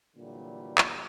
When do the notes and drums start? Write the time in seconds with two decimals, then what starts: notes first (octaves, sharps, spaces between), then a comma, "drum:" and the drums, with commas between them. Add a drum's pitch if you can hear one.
0.16 A#2 D3 E3 F#3 G3
0.78 drum: clap